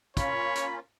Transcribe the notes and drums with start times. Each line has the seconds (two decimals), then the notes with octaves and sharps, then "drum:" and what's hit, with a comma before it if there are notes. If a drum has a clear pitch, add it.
0.17 A#3 C#4 F4 C#5 B5, drum: kick, hi-hat
0.56 drum: hi-hat